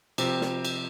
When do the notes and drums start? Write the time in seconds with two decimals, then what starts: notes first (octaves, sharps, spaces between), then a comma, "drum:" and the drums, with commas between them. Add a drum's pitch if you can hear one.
0.18 C3 F3 C4 G4, drum: cymbal
0.41 drum: snare
0.65 drum: cymbal